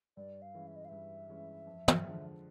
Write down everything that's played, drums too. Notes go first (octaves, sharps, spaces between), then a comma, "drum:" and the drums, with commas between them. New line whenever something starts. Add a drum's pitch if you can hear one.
G2 D5
F5
E3 G#3 C#4
E5
D#5
F5
G2 E5
E3 G#3 C#4
F2
drum: tom
D3 F3 G#3